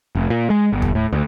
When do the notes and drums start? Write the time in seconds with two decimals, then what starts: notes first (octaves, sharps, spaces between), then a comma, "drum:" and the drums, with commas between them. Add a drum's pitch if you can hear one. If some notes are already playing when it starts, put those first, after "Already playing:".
0.15 F1
0.30 A#2
0.50 G#3
0.73 G1
0.82 drum: kick D#2
0.95 A2
1.13 D2